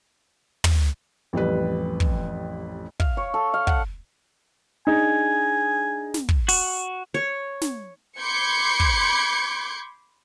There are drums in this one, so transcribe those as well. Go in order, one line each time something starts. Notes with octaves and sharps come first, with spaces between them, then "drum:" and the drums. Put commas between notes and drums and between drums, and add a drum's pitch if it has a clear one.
drum: tom
A1 F2 G3 B4
drum: kick
F5, drum: kick
C#5
A4
F5
F#5, drum: kick
D4 D#4 G#4 G#5
drum: snare
drum: kick
F#4, drum: open hi-hat
C#5
drum: snare
B5 C6 D6 G6 G#6 C#7
drum: kick